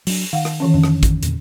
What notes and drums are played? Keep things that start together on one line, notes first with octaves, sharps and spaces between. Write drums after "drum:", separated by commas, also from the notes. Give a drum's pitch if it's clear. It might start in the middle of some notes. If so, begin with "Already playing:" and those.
F#3 D4, drum: open hi-hat
D#3 F5 F#5
drum: rim click
D#3 E3 C#4
F2 D3 D#3 C#4
drum: rim click
drum: kick, hi-hat
E2 A#2 D3, drum: hi-hat